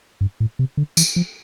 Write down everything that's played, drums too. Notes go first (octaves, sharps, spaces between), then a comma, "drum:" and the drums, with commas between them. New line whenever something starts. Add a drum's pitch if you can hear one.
G2
A2
C3
D3
E3, drum: tambourine
F3